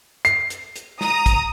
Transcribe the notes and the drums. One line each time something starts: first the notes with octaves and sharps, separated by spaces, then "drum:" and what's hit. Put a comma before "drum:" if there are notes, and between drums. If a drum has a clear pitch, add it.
C7, drum: hi-hat
drum: hi-hat
drum: hi-hat
A#5 D#6, drum: snare
drum: kick A1, hi-hat